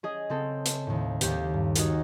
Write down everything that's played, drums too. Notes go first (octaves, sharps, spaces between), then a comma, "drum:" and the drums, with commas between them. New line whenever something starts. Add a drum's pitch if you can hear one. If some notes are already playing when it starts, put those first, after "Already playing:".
C#4 G#4 D#5
C#3 C4 A4
drum: hi-hat
D#2 A2
D#2 G4, drum: hi-hat
G2
D#4 F#4 G#4 A#4, drum: hi-hat